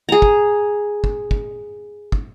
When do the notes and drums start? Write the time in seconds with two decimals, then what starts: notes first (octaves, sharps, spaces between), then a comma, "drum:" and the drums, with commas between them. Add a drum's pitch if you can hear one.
0.09 G#4 A#5
0.22 drum: kick
1.04 drum: kick
1.31 drum: kick
2.12 drum: kick